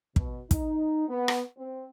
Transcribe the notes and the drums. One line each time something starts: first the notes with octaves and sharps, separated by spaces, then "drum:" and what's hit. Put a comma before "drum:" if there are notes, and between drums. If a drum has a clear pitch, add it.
B2, drum: kick
D#4, drum: kick, hi-hat
B3
drum: rim click
C4